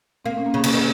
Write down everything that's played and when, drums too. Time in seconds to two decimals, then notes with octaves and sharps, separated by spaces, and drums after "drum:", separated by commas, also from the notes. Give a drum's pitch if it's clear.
0.24 A#3 C4
0.38 C#4
0.46 A#3
0.51 C#3 C4
0.64 C#3 C#4, drum: cymbal
0.73 D#3